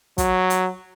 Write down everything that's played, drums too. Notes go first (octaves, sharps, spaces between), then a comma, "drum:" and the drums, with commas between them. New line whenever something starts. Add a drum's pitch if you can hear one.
F#3, drum: kick, hi-hat
drum: hi-hat